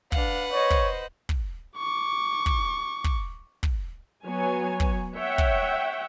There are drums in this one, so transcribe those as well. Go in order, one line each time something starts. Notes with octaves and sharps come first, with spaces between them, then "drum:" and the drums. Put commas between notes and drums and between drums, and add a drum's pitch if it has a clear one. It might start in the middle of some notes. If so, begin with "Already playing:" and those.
D4 B4 F5 F#5, drum: kick
C5 C#5 D#5
drum: kick
drum: kick
C#6 D6
drum: kick
drum: kick
drum: kick
F#3 B3 C#5 G#5
drum: kick
C#5 E5 F#5 G5
drum: kick